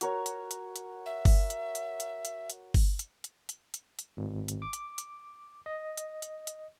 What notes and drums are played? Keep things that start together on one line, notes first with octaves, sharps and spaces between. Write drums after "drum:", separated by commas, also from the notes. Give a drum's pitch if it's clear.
F#4 A#4 C#5, drum: hi-hat
drum: hi-hat
drum: hi-hat
drum: hi-hat
E5
drum: kick G1, open hi-hat
drum: hi-hat
drum: hi-hat
drum: hi-hat
drum: hi-hat
drum: hi-hat
drum: kick G1, open hi-hat
drum: hi-hat
drum: hi-hat
drum: hi-hat
drum: hi-hat
drum: hi-hat
G#1
drum: hi-hat
D6
drum: hi-hat
drum: hi-hat
D#5
drum: hi-hat
drum: hi-hat
drum: hi-hat